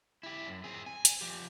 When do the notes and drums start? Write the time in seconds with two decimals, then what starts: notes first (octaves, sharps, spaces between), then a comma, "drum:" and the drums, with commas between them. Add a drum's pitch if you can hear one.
0.23 E4 G4
0.48 F#2
0.64 C4 G#4
0.86 G#5
1.05 drum: hi-hat
1.21 F3 G4